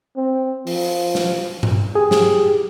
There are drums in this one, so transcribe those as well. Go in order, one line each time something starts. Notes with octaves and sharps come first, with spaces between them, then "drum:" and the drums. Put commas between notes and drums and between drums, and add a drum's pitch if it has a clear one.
C4
F3, drum: open hi-hat
drum: snare
drum: tom G2
G4 G#4
drum: snare